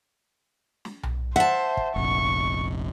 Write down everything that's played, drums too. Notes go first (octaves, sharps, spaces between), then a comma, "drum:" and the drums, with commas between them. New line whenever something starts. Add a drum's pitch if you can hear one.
drum: snare
drum: tom B1
C5 E5 F#5 A5
drum: kick
F1 A#1 C#6